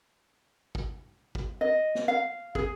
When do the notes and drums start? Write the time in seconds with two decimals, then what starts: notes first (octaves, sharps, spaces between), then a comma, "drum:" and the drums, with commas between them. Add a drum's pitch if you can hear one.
0.75 drum: kick
1.35 drum: kick
1.61 D#5
1.95 drum: snare
2.08 F5
2.55 G#4, drum: kick